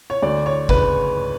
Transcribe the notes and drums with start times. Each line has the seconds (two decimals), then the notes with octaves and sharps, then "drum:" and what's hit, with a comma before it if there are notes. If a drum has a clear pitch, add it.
0.10 C#5
0.22 D2 D5
0.46 C#5
0.69 C#3 B4, drum: kick F#1